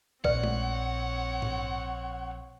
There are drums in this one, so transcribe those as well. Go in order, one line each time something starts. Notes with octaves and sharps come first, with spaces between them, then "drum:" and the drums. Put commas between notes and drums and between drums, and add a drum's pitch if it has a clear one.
A#1 C4 B4 C#5 D5 E5 F#5, drum: kick A#1
drum: tom G#3
drum: tom G#2